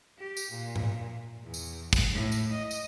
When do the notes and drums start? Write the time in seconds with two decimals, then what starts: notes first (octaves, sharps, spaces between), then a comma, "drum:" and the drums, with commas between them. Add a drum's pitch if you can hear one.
0.19 G4
0.37 drum: tambourine
0.51 A#2
0.76 drum: tom G#2
1.43 E2
1.54 drum: tambourine
1.93 drum: kick, tambourine
2.13 A2
2.32 drum: tambourine
2.51 D#5
2.71 drum: tambourine